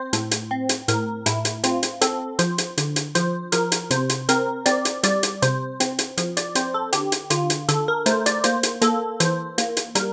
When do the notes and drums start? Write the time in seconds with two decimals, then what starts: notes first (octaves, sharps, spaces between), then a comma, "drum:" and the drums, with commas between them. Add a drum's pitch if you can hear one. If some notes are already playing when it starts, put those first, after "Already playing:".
Already playing: C4 C5
0.13 A2, drum: hi-hat
0.31 drum: hi-hat
0.51 C4
0.69 drum: hi-hat
0.88 A2 A#4, drum: hi-hat
1.26 A2 E4, drum: hi-hat
1.45 drum: hi-hat
1.64 C4 F4, drum: hi-hat
1.83 drum: hi-hat
2.01 C4 A4, drum: hi-hat
2.39 F3 C5, drum: hi-hat
2.58 drum: hi-hat
2.78 D3, drum: hi-hat
2.96 drum: hi-hat
3.15 F3 C5, drum: hi-hat
3.52 F3 A#4, drum: hi-hat
3.72 drum: hi-hat
3.91 C3 C5, drum: hi-hat
4.09 drum: hi-hat
4.29 C4 A#4, drum: hi-hat
4.66 C4 D5, drum: hi-hat
4.85 drum: hi-hat
5.03 G3 D5, drum: hi-hat
5.23 drum: hi-hat
5.42 C3 C5, drum: hi-hat
5.80 C4, drum: hi-hat
5.99 drum: hi-hat
6.17 F3, drum: hi-hat
6.37 D5, drum: hi-hat
6.55 C4 C5, drum: hi-hat
6.74 A4
6.93 D3 G4, drum: hi-hat
7.12 drum: hi-hat
7.30 D3 F4, drum: hi-hat
7.50 drum: hi-hat
7.69 D3 A4, drum: hi-hat
7.88 A#4
8.06 A3 C5, drum: hi-hat
8.26 D5, drum: hi-hat
8.44 A#3 C5, drum: hi-hat
8.63 drum: hi-hat
8.82 A#3 A4, drum: hi-hat
9.20 E3 C5, drum: hi-hat
9.58 A#3, drum: hi-hat
9.77 drum: hi-hat
9.95 G3 A#4, drum: hi-hat